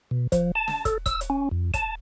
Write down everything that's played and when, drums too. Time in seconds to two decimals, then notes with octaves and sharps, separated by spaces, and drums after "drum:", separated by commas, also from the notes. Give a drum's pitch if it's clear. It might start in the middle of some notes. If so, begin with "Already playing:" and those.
0.11 B2
0.32 F3, drum: kick, hi-hat
0.55 A5
0.68 drum: snare
0.85 A4, drum: kick, hi-hat
1.06 E6, drum: kick, hi-hat
1.21 drum: hi-hat
1.30 C#4
1.51 F2
1.74 A5, drum: kick, hi-hat